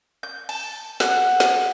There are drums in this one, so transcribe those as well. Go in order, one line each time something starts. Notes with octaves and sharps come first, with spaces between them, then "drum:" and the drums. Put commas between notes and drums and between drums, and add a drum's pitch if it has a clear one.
G6
A5, drum: cymbal
F#5, drum: snare
drum: snare